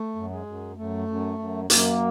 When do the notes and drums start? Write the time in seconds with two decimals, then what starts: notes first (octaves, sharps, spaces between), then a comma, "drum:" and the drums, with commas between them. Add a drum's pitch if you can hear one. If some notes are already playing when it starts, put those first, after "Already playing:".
Already playing: A3
0.16 F#2
0.30 G#3
0.46 F#2
0.77 F#2 A3
1.08 F#2
1.39 F#2
1.70 F#2 A#3, drum: hi-hat